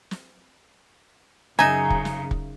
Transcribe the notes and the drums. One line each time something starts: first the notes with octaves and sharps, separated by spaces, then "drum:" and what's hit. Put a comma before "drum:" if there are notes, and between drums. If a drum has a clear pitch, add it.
drum: snare
F#2 C#3 D#4 E5 G#5 A#5
drum: kick
drum: snare
drum: kick